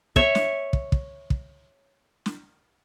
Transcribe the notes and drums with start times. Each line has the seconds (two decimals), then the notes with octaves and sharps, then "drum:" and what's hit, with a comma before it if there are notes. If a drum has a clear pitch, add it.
0.16 C#5 E5, drum: kick
0.35 drum: snare
0.73 drum: kick
0.92 drum: kick
1.30 drum: kick
2.26 drum: snare